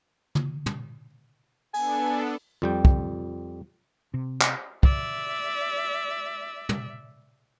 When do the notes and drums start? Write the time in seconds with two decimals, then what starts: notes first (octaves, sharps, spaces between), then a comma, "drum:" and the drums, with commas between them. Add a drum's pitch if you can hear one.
0.35 drum: tom
0.66 drum: tom
1.74 B3 D4 A4 G#5, drum: open hi-hat
2.62 F2 G3 G5
2.85 drum: kick
4.14 C3
4.41 drum: clap
4.83 D5 E5, drum: kick
6.69 drum: tom